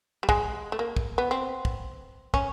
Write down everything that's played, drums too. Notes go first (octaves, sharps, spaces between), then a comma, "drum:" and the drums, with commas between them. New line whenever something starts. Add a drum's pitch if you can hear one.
G3
G#3, drum: kick
A3
A#3
drum: kick
B3
C4
drum: kick
C#4, drum: kick